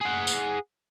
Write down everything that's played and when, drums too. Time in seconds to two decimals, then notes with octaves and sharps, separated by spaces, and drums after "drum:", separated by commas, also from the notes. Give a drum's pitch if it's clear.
0.01 G#4 F#5
0.27 drum: tambourine